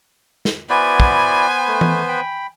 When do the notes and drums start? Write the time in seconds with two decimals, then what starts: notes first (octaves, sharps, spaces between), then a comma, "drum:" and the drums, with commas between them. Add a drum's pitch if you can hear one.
0.45 drum: snare
0.70 B3 E4 F#4 B4 C5 D5 G#5
1.00 drum: kick
1.68 A3
1.81 drum: tom E3
2.08 G5 B5